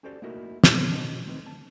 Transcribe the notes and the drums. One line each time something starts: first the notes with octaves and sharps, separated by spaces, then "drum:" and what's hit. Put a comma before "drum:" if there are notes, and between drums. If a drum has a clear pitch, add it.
C#4 F#4 G4 A4 C5 D5
A3 A#3 D#4 E4 F#4 A#4
D3 F3, drum: snare
B2 C#4 D4 D#5 A5
A3 C4 D#4 B4
A5